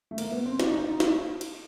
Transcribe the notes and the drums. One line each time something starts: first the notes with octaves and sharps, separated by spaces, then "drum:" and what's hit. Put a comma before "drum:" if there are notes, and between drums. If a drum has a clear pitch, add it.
A3
A#3, drum: cymbal
B3
C4
D4, drum: snare
D#4
D4
D#4
drum: snare
drum: cymbal